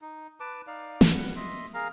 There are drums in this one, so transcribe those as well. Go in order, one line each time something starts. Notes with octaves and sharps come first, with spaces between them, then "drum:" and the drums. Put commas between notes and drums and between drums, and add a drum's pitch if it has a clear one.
D#4
B4 A5 D6
D#4 D5 F5
drum: snare
G3 B4 F#5
D#5 E5 C6
G#4 A#4 F5 A#5